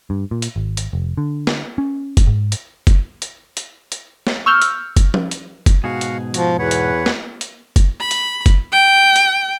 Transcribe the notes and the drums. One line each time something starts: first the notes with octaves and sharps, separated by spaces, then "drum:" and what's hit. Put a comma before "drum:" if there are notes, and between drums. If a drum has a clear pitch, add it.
G2
A#2
drum: hi-hat
G#1
drum: hi-hat
F1
D3
drum: snare
C#4
drum: kick F#1, hi-hat
G#2
drum: hi-hat
drum: kick F#1, hi-hat
drum: hi-hat
drum: hi-hat
drum: hi-hat
drum: snare
C#6 E6 F6 G6
drum: hi-hat
drum: kick F#1, hi-hat
drum: tom F3
drum: hi-hat
drum: kick F#1, hi-hat
G#2 B2 F#4 G#4 F5 F#5
drum: hi-hat
F3 F#4, drum: hi-hat
E2 B4 C#5 F#5
drum: hi-hat
drum: snare
drum: hi-hat
drum: kick F#1, hi-hat
B5
drum: hi-hat
drum: kick F#1, hi-hat
G5
drum: hi-hat